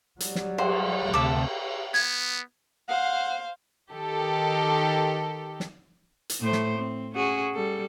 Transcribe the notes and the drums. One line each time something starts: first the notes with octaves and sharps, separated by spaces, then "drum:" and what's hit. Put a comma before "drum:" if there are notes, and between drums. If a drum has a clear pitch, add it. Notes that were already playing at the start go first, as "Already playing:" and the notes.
F#3 G3, drum: hi-hat
drum: snare
C5, drum: cymbal
D2 C3 E5 A5 D6
B3 G#6
C5 F5 F#5
D#3 G4 A4
drum: snare
drum: hi-hat
A2 A3 C5
drum: snare
C4
C#4 F#4 G#4
G3 A4